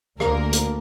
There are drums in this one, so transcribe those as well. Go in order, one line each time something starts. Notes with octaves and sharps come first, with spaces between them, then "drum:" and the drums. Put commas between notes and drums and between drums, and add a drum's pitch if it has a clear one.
D2 D3 A#3 A#4, drum: rim click
drum: hi-hat